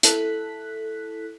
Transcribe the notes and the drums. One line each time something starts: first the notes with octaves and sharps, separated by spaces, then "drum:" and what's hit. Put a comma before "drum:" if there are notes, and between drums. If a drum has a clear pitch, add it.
E4 A4 F#6 B6, drum: hi-hat